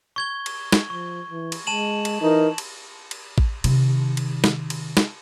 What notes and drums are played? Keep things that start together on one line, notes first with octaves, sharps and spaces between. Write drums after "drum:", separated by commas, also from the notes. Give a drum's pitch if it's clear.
C#6 G#6 G7
drum: cymbal
drum: snare
F3 C#6
E3
drum: cymbal
G#3 A5 E7 F#7
drum: cymbal
E3 D#4 A#4
drum: cymbal
drum: cymbal
drum: kick A1
C3 D#3, drum: cymbal
drum: cymbal
drum: snare
drum: cymbal
drum: snare